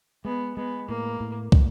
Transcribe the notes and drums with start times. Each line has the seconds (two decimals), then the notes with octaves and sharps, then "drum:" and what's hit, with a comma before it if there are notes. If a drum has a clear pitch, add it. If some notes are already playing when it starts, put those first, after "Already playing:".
0.25 G#3 B3
0.57 G#3 B3
0.89 A2 A#3
1.20 A2
1.52 A2, drum: kick